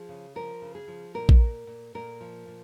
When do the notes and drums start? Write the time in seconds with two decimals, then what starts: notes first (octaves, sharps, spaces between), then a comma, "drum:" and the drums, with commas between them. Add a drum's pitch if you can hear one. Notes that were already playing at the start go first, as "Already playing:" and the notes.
Already playing: F3 G#4
0.09 C#3
0.36 F3 A#4
0.62 C#3
0.75 G#4
0.88 F3
1.14 A#2 A#4
1.29 drum: kick A#1
1.41 A#2
1.67 A#2
1.95 A#2 A#4
2.21 F3
2.47 A#2